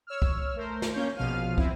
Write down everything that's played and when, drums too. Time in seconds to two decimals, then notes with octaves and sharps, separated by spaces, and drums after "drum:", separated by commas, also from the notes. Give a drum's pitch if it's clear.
0.07 C#5 E6 F6
0.22 drum: kick
0.56 A3 A#4 C5
0.82 drum: snare
0.94 A#3 C#4 C#5 G6
1.16 A#1 B2 F3 F5 F6 D#7
1.58 C4 E4, drum: kick